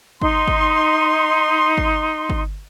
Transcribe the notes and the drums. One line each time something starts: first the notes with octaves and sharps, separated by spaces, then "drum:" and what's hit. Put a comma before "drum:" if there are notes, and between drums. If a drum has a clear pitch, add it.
D#4 C6, drum: kick
drum: kick
drum: kick
drum: kick